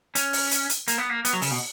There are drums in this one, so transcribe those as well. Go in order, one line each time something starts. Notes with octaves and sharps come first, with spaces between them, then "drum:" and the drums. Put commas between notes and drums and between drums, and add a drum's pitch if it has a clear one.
C#4, drum: hi-hat
drum: open hi-hat
drum: hi-hat
drum: hi-hat
A#3, drum: hi-hat
B3
A#3
B3, drum: hi-hat
F#3
C#3, drum: open hi-hat
B2